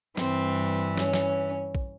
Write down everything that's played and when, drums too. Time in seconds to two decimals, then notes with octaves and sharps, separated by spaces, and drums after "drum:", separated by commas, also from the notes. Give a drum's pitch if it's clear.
0.17 G2 E3 C4, drum: snare
0.97 C#4, drum: snare
1.14 drum: snare
1.75 drum: kick A#1